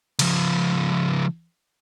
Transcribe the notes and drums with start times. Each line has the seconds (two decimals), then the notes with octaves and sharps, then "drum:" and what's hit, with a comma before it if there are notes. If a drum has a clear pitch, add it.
0.19 C#2 F3, drum: cymbal